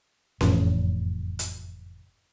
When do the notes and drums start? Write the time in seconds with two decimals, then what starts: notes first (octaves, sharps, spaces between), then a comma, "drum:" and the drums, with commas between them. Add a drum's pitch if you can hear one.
0.41 F#1 F2 A2 E3, drum: snare C#4
1.39 drum: hi-hat